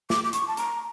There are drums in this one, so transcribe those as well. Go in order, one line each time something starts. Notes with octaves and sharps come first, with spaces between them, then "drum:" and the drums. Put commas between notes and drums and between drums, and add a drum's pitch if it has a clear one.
D6, drum: snare
D6
C#6, drum: hi-hat
A5
A#5, drum: hi-hat